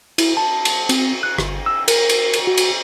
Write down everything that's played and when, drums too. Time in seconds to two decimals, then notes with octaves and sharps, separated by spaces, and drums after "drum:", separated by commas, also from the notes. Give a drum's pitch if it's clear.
0.18 E4, drum: cymbal
0.37 A5
0.65 drum: cymbal
0.89 C4, drum: cymbal
1.23 F#6
1.38 G1, drum: rim click
1.66 E6
1.88 A#4, drum: cymbal
2.09 drum: cymbal
2.33 drum: cymbal
2.47 F#4
2.57 drum: cymbal